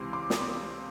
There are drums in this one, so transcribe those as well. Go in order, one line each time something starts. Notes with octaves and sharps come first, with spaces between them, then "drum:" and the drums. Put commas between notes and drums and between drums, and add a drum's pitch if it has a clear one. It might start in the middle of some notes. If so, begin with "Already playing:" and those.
Already playing: C#2 C3 E3 C6 D6
C6 D6
D#6, drum: snare
C6 D6